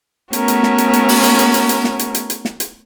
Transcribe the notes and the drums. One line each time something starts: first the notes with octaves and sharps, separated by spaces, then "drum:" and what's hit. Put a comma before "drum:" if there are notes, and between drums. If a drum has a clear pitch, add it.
A3 B3 C#4 F#4 A#4, drum: hi-hat
drum: hi-hat
drum: snare
drum: hi-hat
drum: hi-hat
drum: open hi-hat
drum: hi-hat
drum: hi-hat
drum: hi-hat
drum: hi-hat
drum: snare
drum: hi-hat
drum: hi-hat
drum: hi-hat
drum: snare
drum: hi-hat